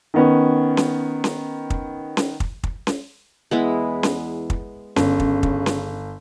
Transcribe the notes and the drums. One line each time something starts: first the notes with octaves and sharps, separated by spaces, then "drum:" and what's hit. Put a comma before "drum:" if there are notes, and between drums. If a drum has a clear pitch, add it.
D#3 B3 C#4
drum: snare C#4
drum: snare C#4
drum: kick
drum: snare C#4
drum: kick
drum: kick
drum: snare C#4
E2 G#3 B3 E4
drum: snare C#4
drum: kick
G1 C#3 C#4, drum: snare C#4
drum: kick
drum: kick
drum: snare C#4